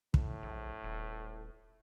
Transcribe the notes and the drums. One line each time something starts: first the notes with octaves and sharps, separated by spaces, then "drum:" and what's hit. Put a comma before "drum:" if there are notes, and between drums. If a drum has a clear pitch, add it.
A2, drum: kick
A#1
D#1